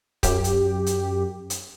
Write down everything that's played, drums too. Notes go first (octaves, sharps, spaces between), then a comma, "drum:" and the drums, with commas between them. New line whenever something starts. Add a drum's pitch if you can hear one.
F#2 G4, drum: kick C#1, hi-hat
drum: hi-hat
drum: hi-hat
drum: hi-hat